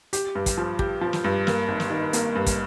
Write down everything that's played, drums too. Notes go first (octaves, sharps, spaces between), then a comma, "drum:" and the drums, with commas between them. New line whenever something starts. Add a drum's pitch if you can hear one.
G4, drum: hi-hat
G2
drum: kick, hi-hat
F3
G4, drum: kick
F3
drum: snare
G2
A#3, drum: snare
G#1
drum: snare
D#3
A#3, drum: hi-hat
G2
drum: kick, hi-hat